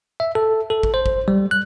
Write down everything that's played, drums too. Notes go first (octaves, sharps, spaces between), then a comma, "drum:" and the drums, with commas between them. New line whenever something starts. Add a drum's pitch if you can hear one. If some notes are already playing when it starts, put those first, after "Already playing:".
E5
A4
A4
drum: kick
C5
drum: kick
G3
F#6